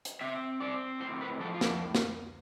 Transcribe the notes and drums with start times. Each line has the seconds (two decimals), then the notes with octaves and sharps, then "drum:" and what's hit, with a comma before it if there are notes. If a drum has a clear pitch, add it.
0.05 drum: hi-hat
0.21 C4 E5
0.60 C4 D5
1.00 A2 C5
1.21 B4
1.40 F3 A4
1.54 F4
1.61 G4, drum: snare
1.95 drum: snare